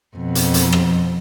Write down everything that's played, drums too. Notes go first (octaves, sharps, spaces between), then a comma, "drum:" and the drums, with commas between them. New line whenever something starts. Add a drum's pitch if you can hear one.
F2 B2
drum: hi-hat
drum: hi-hat
drum: rim click